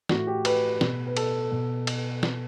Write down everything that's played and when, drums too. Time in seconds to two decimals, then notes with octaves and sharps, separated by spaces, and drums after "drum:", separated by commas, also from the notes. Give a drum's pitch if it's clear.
0.09 A2 E3 F#4, drum: snare
0.27 G4
0.45 B4, drum: cymbal
0.81 B2, drum: snare
1.07 B4
1.17 A4, drum: cymbal
1.52 B2
1.87 drum: cymbal
2.23 drum: snare